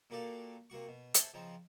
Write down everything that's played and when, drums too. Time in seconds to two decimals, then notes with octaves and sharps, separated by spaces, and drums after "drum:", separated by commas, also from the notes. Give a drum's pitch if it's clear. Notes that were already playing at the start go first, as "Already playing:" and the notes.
0.10 A#2 A#3 F#4 G4 A4 F5
0.70 C3 A#3 F#4 C#6
0.88 B2
1.14 G#4 A4 C5 E5, drum: hi-hat
1.34 C#3 F3 C4 D#4